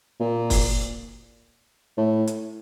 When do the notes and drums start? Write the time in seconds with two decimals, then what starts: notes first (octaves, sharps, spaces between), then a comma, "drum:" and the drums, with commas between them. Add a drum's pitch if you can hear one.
0.20 A#2
0.50 drum: kick, open hi-hat
1.98 A2
2.27 drum: hi-hat